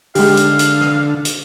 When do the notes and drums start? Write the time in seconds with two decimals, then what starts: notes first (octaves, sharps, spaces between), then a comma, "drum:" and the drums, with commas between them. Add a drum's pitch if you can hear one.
0.15 D3 G#3 G4 F5, drum: open hi-hat
0.37 drum: hi-hat
0.59 drum: hi-hat
0.81 drum: rim click
1.25 drum: hi-hat